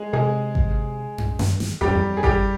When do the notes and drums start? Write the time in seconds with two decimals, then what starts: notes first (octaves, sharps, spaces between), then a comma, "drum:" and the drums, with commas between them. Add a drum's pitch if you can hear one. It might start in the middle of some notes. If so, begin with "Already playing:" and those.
Already playing: G#3 G#4
0.13 C3 G#3 G#4
0.55 drum: kick G#1
1.18 drum: tom F#2
1.39 G2, drum: snare
1.60 drum: snare
1.81 F2 G3 G4
1.88 G2
1.95 F2
2.17 G#4
2.23 G3 G4, drum: kick G#1